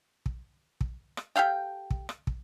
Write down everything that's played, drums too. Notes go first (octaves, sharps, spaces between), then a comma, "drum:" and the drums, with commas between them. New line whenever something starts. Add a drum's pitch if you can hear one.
drum: kick
drum: kick
drum: rim click
G4 A4 F5 G5
drum: kick
drum: rim click
drum: kick